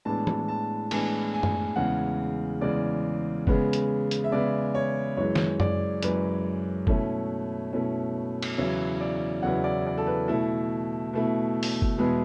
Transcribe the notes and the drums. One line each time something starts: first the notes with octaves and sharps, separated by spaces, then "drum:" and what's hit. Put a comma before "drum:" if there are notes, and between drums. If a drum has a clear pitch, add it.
A2 E3 G#3 B3 D4 A5
drum: tom E3
A5
A2 E3 G#3 B3 D4 G#5, drum: cymbal
G#5
drum: tom F#2
E2 C#3 G#3 F#5
E2 C#3 G#3 D5
C#3 G#3 B3, drum: kick
drum: hi-hat
drum: hi-hat
E5
C#3 G#3 B3 D5
C#5
F#2 E3 G#3 C#5
drum: snare
D5, drum: tom F#2
F#2 E3 G#3 B4, drum: hi-hat
B2 A3 C#4 E4, drum: kick
B2 A3 C#4 E4
drum: cymbal
E2 C#3 F#3 B3 E4 C#5
D5
E2 C#3 F#3 B3 E4 F#5
D5
D5
A4
B4
B2 A3 E4 A4
B2 A3 E4
drum: open hi-hat
drum: kick
E2 B2 G#3 B3 E4 G#4